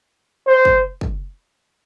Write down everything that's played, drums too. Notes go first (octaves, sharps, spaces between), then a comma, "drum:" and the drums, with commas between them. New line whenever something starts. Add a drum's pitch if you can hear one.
C5
drum: kick
drum: kick